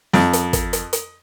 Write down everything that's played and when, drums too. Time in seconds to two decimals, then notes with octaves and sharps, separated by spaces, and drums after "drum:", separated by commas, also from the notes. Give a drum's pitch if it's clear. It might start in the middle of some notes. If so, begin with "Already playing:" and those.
0.14 F2, drum: snare
0.33 drum: hi-hat
0.53 drum: kick, hi-hat
0.73 drum: hi-hat
0.93 drum: hi-hat